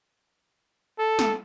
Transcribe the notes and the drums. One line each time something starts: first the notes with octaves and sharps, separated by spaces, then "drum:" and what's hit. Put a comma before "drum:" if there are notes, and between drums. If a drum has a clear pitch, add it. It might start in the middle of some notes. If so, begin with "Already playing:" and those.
A4
drum: snare